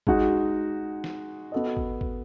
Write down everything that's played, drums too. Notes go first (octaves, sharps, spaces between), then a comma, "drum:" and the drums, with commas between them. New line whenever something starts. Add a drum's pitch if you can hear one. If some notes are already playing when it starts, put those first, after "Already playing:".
G#3 D#4 F#4, drum: kick G#1
drum: snare
B3 F#4 A4 D#5
drum: kick G#1
drum: kick G#1